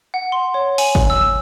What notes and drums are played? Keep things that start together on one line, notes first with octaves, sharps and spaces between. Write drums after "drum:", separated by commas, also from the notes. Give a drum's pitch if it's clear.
F#5
C6
C#5
G#5, drum: open hi-hat
drum: kick
E6